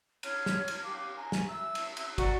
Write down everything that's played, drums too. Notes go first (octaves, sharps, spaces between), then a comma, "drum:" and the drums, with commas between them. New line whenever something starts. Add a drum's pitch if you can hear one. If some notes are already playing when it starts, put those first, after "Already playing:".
C#5 F6, drum: cymbal
drum: snare
drum: cymbal
G4 F5 D6
G#5 A#5
drum: snare
E5 E6
drum: cymbal
drum: cymbal
F#4 D5 F#5 A#5, drum: kick, cymbal